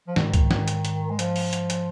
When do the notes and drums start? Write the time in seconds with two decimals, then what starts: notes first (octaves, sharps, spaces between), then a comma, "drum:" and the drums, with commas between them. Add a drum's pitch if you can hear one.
0.08 F3
0.16 G#2 D#3, drum: snare
0.34 drum: kick, hi-hat
0.51 drum: snare
0.68 drum: hi-hat
0.85 drum: hi-hat
1.10 G#3
1.19 F3, drum: hi-hat
1.36 drum: open hi-hat
1.53 drum: hi-hat
1.70 drum: hi-hat